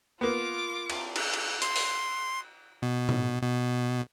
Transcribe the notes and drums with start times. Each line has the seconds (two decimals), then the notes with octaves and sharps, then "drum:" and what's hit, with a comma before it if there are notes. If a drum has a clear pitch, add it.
0.21 A#3 B3 F4 D6
0.90 drum: cymbal
1.16 drum: cymbal
1.34 drum: cymbal
1.62 C6, drum: hi-hat
1.76 drum: open hi-hat
2.82 B2
3.09 drum: tom A2
3.42 B2